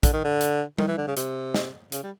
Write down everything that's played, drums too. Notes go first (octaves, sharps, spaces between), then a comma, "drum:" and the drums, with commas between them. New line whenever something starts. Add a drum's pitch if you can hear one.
D3, drum: kick, hi-hat
D#3
D3
drum: hi-hat
D#3, drum: tom G3
E3
D3
C#3
C3, drum: hi-hat
drum: snare
C#3, drum: hi-hat
G3